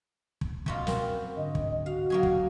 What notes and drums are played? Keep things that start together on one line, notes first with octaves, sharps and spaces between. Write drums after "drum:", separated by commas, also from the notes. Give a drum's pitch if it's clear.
drum: kick
F#2 B2 F4, drum: kick
C4 F#4 A#4, drum: snare
G#2 D3 D4 D#5
drum: kick
F#4 F5
F#3 A#3 C#4 G#4
drum: kick